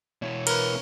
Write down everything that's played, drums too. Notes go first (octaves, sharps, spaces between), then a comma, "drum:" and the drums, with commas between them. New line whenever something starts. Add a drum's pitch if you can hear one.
B2 E4 C#5
A#4 B4, drum: cymbal